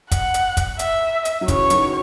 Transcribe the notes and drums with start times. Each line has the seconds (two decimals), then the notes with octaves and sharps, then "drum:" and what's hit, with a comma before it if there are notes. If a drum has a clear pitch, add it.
0.11 F#5, drum: kick, hi-hat
0.34 drum: hi-hat
0.57 drum: kick, hi-hat
0.79 E5, drum: hi-hat
1.25 drum: hi-hat
1.41 F#3
1.48 C#3 E3 C#5, drum: kick, hi-hat
1.70 D#3 F#3, drum: hi-hat